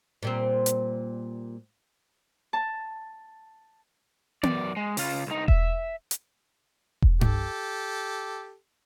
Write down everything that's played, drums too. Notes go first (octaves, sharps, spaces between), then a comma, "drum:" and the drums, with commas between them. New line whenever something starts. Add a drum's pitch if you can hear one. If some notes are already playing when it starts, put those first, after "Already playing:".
A#2 G3 C4
drum: hi-hat
A5
F#2 D5, drum: tom B3
G#3
C#3 F4, drum: open hi-hat
C2 D#4
E5, drum: kick E1
drum: hi-hat
drum: kick E1
G4 A4, drum: tom G2